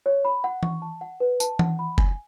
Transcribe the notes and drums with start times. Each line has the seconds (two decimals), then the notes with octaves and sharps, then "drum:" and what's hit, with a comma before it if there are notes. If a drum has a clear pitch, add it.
0.06 C#5
0.25 B5
0.44 F#5
0.63 C#6, drum: tom E3
0.82 A5
1.01 F#5
1.20 B4
1.40 A5, drum: tambourine
1.59 F#5, drum: tom E3
1.79 B5
1.98 G#5, drum: kick F1